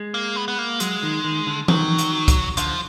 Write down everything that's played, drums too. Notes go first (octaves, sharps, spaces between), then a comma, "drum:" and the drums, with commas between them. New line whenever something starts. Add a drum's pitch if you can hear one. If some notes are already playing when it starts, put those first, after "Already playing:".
Already playing: G#3
A#3
B3
B3
A#3
F#3 G#3, drum: hi-hat
D#3
D#3
D3
D#3 F#3, drum: tom E3
drum: hi-hat
drum: kick, hi-hat
D3 F3, drum: hi-hat